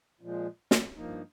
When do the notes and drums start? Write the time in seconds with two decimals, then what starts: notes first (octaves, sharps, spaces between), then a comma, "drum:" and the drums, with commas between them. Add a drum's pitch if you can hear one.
0.21 A#2 F3 G#3
0.71 drum: snare
0.96 G2 F3 A#3 D#4